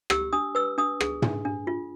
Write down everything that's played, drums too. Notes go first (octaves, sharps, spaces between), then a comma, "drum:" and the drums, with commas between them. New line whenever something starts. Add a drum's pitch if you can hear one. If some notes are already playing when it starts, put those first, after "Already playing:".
G4 E6, drum: rim click
D4 D#6
B4 E6
D4 D#6
G#4, drum: rim click
D4, drum: tom
D4
F4